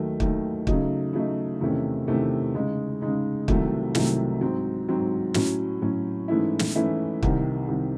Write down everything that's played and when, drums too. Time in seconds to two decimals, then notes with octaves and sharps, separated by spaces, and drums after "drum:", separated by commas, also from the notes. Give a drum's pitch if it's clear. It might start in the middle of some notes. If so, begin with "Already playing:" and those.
Already playing: D#2 D#3 F#3 A3
0.20 D#2 D#3 F#3 A3, drum: kick
0.67 C#3 F#3 A3 D#4, drum: kick
1.13 C#3 F#3 A3 D#4
1.61 E2 C3 D#3 A3 C#4
2.08 E2 C3 D#3 A3 C#4
2.54 C#3 G#3 D#4
3.01 C#3 G#3 D#4
3.48 C2 C3 D#3 F#3 A3, drum: kick
3.95 C2 C3 D#3 F#3 A3, drum: snare
4.41 G#2 F#3 C4
4.89 G#2 F#3 C4
5.34 A2 F#3 C#4, drum: snare
5.82 A2 F#3 C#4
6.28 G#2 E3 A3 C#4 E4
6.59 drum: snare
6.75 G#2 E3 A3 C#4 E4
7.23 C2 C3 D#3, drum: kick
7.68 C2 C3 D#3